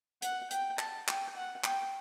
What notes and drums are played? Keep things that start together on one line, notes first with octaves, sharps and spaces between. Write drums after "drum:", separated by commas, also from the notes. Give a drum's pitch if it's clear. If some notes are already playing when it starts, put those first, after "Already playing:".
F#5, drum: hi-hat
G5, drum: hi-hat
A5, drum: clap
G5, drum: clap
F#5
G5, drum: clap